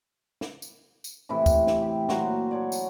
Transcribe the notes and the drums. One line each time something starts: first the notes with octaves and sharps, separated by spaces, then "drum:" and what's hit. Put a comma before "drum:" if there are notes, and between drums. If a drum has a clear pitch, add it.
drum: snare
drum: tambourine
drum: tambourine
A2 C3 E3 E4
drum: kick D2, tambourine
drum: snare
G4
A#2 F#3 F#4 C5, drum: snare
A4 C#5 D5
drum: tambourine